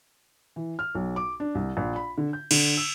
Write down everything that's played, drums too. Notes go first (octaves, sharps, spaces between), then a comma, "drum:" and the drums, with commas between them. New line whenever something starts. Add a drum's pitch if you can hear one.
E3
F6
B1
D6
D4
C2
A#1
B5
D3
G6
D3, drum: cymbal
E6